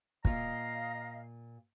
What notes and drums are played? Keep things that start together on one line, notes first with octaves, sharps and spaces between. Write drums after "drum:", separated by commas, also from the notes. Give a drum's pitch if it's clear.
A#2 F4 D#5 F5 A#5, drum: kick